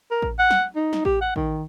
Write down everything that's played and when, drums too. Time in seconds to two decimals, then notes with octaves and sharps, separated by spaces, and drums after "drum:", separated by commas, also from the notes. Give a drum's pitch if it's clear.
0.11 A#4
0.22 drum: kick A1
0.39 F#5
0.51 drum: snare
0.75 D#4
0.93 drum: snare
1.05 G4, drum: kick A1
1.21 F#5
1.36 D#3, drum: kick A1